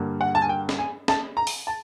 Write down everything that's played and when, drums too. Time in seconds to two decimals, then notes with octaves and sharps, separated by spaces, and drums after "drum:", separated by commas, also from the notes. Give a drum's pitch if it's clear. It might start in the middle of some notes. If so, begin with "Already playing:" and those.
Already playing: G2 D3 G3 A#3
0.21 F#5
0.35 A5
0.42 G#5
0.49 G5
0.69 drum: snare
0.79 G#5
1.08 A5, drum: snare
1.37 A#5
1.47 drum: open hi-hat
1.67 A5